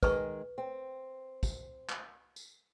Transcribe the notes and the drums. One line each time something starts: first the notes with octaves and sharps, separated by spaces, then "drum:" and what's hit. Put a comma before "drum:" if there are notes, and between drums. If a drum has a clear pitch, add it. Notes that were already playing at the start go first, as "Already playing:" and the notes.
D#3 G#3 B4 C#6, drum: kick, tambourine
C4
drum: kick, tambourine
drum: clap
drum: tambourine